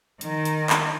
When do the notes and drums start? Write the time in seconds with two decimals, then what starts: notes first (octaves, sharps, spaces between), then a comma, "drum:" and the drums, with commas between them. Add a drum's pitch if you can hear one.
0.21 D#3 D#4, drum: hi-hat
0.45 drum: hi-hat
0.70 drum: clap